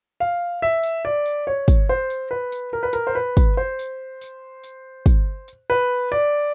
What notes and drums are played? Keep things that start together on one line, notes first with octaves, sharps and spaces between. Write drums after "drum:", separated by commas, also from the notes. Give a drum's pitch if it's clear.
F5
E5
drum: tambourine
D5
drum: tambourine
C#5
drum: kick, tambourine
C5
drum: tambourine
B4
drum: tambourine
A#4
B4
A#4, drum: tambourine
C5
B4
drum: kick, tambourine
C5
drum: tambourine
drum: tambourine
drum: tambourine
drum: kick, tambourine
drum: tambourine
B4
D5